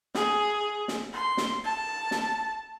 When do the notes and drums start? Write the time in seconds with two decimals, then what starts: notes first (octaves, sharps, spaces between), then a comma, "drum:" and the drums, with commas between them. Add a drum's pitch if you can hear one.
0.15 G#4, drum: snare
0.88 drum: snare
1.13 C6
1.37 drum: snare
1.64 A5
2.11 drum: snare